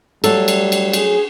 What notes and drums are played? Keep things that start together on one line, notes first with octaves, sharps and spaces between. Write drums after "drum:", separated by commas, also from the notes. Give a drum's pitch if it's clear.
F#3 G3 A3 A4, drum: cymbal
drum: cymbal
drum: cymbal
G#4, drum: cymbal